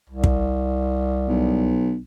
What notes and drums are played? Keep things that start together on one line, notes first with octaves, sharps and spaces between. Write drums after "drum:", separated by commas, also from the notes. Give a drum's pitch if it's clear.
C2
drum: kick
B1